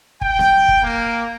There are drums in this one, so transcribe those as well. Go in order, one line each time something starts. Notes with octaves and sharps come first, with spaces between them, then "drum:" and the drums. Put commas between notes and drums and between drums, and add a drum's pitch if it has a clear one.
G5, drum: kick
drum: snare B3
drum: kick
A#3